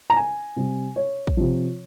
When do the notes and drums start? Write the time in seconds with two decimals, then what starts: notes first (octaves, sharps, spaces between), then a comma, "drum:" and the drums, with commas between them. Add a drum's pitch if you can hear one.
0.10 A#5
0.16 G#5
0.56 C3 G3
0.96 C#5
1.27 drum: kick
1.37 C3 F3